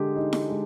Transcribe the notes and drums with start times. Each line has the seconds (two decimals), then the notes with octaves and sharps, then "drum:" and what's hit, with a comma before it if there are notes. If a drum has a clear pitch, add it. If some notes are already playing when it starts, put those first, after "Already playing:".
Already playing: D3 G#3 G4
0.16 D#4
0.33 drum: snare E4
0.50 G#3